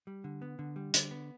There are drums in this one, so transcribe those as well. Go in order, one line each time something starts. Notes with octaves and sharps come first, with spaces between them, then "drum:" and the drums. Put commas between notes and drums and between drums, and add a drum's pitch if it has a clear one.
G3
D3
B3
D3
G3
D3, drum: hi-hat
B3